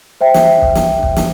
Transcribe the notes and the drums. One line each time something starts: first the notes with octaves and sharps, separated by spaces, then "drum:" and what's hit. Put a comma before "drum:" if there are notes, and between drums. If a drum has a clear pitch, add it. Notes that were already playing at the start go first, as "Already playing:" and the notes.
C5 E5 G5
drum: snare
drum: kick
drum: snare
drum: kick
drum: snare